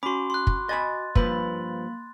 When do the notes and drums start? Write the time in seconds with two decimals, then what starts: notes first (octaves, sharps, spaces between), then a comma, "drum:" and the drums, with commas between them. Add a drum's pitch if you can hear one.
0.03 C#4 F#4 B5 C6 D6
0.30 C6 F#6
0.47 drum: kick
0.69 D#5 G#5 B5 A6
1.15 G2 F3 A#3 B4 B5, drum: kick